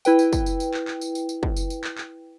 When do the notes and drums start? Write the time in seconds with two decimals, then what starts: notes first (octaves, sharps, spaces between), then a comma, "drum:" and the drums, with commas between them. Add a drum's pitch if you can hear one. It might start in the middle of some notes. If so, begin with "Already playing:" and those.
0.05 E4 B4 G5, drum: tambourine
0.19 drum: tambourine
0.33 drum: kick, tambourine
0.46 drum: tambourine
0.60 drum: tambourine
0.74 drum: clap
0.88 drum: clap
1.01 drum: tambourine
1.15 drum: tambourine
1.29 drum: tambourine
1.43 drum: kick
1.57 drum: tambourine
1.70 drum: tambourine
1.84 drum: clap
1.98 drum: clap